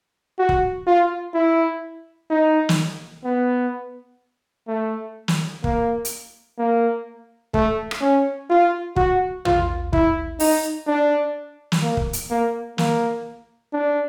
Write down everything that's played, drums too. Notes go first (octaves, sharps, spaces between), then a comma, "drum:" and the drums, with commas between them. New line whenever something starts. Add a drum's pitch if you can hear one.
F#4
drum: kick
F4
E4
D#4
drum: snare
B3
A3
drum: snare
A#3, drum: kick
drum: hi-hat
A#3
A3, drum: kick
drum: rim click
C#4
F4
F#4, drum: kick
F4, drum: tom
E4, drum: kick
D#4, drum: open hi-hat
D4
drum: snare
A#3
drum: kick
drum: hi-hat
A#3
A#3, drum: snare
D4